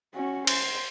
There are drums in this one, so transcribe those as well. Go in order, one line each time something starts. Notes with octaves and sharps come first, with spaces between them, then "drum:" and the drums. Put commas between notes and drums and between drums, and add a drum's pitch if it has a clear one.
C#4 F#4
C5, drum: cymbal